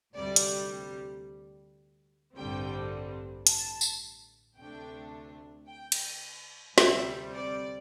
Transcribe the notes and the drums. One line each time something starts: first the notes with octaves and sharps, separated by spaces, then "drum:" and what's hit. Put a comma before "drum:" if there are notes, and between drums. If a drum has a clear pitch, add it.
D2 C3 G3 D5
drum: hi-hat
A1 G2 D3 G3 C4 G5
A5, drum: hi-hat
drum: tambourine
D2 C3 A3 D4 G5
G5
drum: cymbal
D2 C3 G3 C4 E5, drum: snare
D5